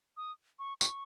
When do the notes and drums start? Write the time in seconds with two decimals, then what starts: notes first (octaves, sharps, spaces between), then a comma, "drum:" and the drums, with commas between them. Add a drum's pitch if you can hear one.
0.17 D#6
0.59 C#6
0.81 C#6, drum: tambourine